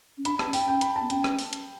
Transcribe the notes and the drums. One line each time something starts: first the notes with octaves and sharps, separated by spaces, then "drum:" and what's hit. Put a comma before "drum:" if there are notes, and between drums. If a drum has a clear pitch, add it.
C#4
D4 B5, drum: hi-hat
A5, drum: rim click
C#4
G5, drum: open hi-hat
C#4 G5
B5, drum: hi-hat
A5
B3
C#4 G5, drum: hi-hat
drum: rim click
drum: open hi-hat
drum: hi-hat